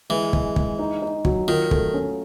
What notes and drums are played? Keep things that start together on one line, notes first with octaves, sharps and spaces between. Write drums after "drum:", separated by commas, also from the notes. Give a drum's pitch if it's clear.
E3 G#3
G#3, drum: kick
G#3, drum: kick
D#4
D#4
F#3, drum: kick
D#3 F4
A3, drum: kick
C#4